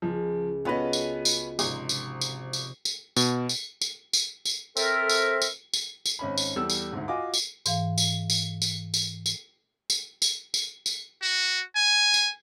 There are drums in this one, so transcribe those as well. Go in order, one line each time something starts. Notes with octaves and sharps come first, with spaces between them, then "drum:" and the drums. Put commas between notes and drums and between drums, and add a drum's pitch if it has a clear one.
C#2 F3
G#3 B3 C#4 F4 F#4 A4 B4 D#5
drum: tambourine
drum: tambourine
G#1 C3 F3 C6, drum: tambourine
drum: tambourine
drum: tambourine
drum: tambourine
drum: tambourine
B2, drum: tambourine
drum: tambourine
drum: tambourine
drum: tambourine
drum: tambourine
C4 A4 A#4 E5, drum: tambourine
drum: tambourine
drum: tambourine
drum: tambourine
drum: tambourine
G#1 C#4 B5
drum: tambourine
E2 G3 A4 E6
drum: tambourine
D2 G#2
F4 F#4 D#5 G#5 D6
drum: tambourine
G#2 E3 F5, drum: tambourine
drum: tambourine
drum: tambourine
drum: tambourine
drum: tambourine
drum: tambourine
drum: tambourine
drum: tambourine
drum: tambourine
drum: tambourine
F#4
G#5
drum: tambourine